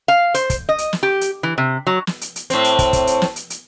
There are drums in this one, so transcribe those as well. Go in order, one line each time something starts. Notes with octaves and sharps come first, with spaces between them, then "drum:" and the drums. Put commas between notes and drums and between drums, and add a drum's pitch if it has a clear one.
F5
C5, drum: hi-hat
drum: kick, hi-hat
D#5
drum: hi-hat
drum: snare
G4
drum: hi-hat
E3
C3
F#3
drum: snare
drum: hi-hat
drum: hi-hat
A2 C4, drum: hi-hat
drum: hi-hat
drum: kick, hi-hat
drum: kick, hi-hat
drum: hi-hat
drum: snare
drum: hi-hat
drum: hi-hat